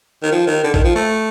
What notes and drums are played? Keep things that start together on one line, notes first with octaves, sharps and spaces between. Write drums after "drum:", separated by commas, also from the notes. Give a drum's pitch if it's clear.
D#3
F3
D#3
D3
D#3, drum: kick
F3
A3